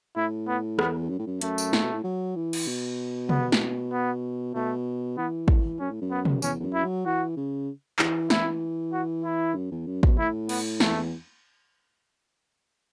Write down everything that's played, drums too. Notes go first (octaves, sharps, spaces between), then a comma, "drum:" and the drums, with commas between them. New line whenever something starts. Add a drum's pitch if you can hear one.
A2 E4
B3
E2 B3, drum: rim click
F#2
A2
F#2
F#2 A3, drum: hi-hat
drum: tambourine
A2, drum: snare
B2
A2
F#3
E3
drum: cymbal
B2
B3, drum: tom
drum: snare
B3
B2 A3
E3 B3
drum: kick
F#2 C#4
A2
F#2
B3
drum: tom
E2 C#4, drum: tambourine
E2
F#2
E4
F#3
E3 F#4
C#3
E3, drum: clap
E3 E4, drum: snare
F#4
E4
F#2
E2
F#2
B2, drum: kick
A2 E4
B3, drum: cymbal
E2 A3, drum: snare